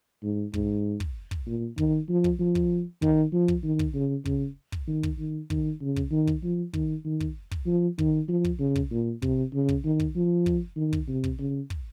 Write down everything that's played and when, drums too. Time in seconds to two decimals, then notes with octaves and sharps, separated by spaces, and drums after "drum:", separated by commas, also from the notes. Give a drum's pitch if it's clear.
0.23 G#2
0.54 G#2, drum: kick
1.00 drum: kick
1.31 drum: kick
1.46 A#2
1.78 D#3, drum: kick
2.09 F3
2.24 drum: kick
2.39 F3
2.55 drum: kick
3.02 D#3, drum: kick
3.33 F3
3.48 drum: kick
3.63 D#3
3.79 drum: kick
3.94 C#3
4.25 C#3, drum: kick
4.72 drum: kick
4.87 D#3
5.03 drum: kick
5.19 D#3
5.50 D#3, drum: kick
5.81 C#3
5.96 drum: kick
6.11 D#3
6.27 drum: kick
6.43 F3
6.73 D#3, drum: kick
7.05 D#3
7.20 drum: kick
7.51 drum: kick
7.66 F3
7.98 D#3, drum: kick
8.29 F3
8.44 drum: kick
8.59 C#3
8.75 drum: kick
8.91 A#2
9.22 C3, drum: kick
9.54 C#3
9.69 drum: kick
9.84 D#3
10.00 drum: kick
10.15 F3
10.46 drum: kick
10.77 D#3
10.93 drum: kick
11.08 C3
11.24 drum: kick
11.39 C#3
11.70 drum: kick